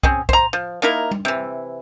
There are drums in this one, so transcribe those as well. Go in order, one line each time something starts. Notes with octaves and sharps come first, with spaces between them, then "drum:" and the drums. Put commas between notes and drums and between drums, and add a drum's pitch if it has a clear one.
C4 C#4 G#4, drum: kick
C5 A#5, drum: kick
F3
A#3 D#4 E4 A#4
drum: tom G3
C3 E3